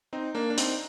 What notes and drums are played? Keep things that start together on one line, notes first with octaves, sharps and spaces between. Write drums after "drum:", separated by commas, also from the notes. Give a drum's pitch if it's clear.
C4 D#4
A#3 D4
D4
C4 D#4, drum: hi-hat